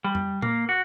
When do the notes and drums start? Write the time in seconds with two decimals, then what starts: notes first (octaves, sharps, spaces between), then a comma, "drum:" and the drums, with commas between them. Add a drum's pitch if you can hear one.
0.04 G3
0.15 drum: tom F2
0.42 A#3, drum: tom A#2
0.69 F#4